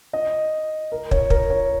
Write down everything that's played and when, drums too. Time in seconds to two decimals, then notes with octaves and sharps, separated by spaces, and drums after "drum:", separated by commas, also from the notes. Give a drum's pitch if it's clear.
0.13 D#5
0.92 A#4
1.11 C#5, drum: kick
1.30 A#4, drum: kick
1.50 C#5